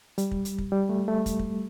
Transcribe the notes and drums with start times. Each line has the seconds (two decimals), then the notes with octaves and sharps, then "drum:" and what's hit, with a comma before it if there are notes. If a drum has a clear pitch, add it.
0.18 G3, drum: hi-hat
0.31 drum: kick
0.45 drum: hi-hat
0.58 drum: kick
0.72 G3
0.89 A3
1.08 A3
1.26 drum: kick, hi-hat
1.39 drum: kick